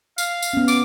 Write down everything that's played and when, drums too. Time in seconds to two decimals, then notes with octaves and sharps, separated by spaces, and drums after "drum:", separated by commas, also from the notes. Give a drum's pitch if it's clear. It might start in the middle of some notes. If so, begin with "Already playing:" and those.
0.18 F5, drum: tambourine
0.42 drum: tambourine
0.53 B3 C#4
0.68 D6, drum: tambourine